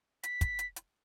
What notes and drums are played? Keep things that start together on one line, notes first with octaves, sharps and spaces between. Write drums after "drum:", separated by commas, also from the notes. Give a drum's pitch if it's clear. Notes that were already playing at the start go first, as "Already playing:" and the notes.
B6, drum: hi-hat
drum: kick, hi-hat
drum: hi-hat
drum: hi-hat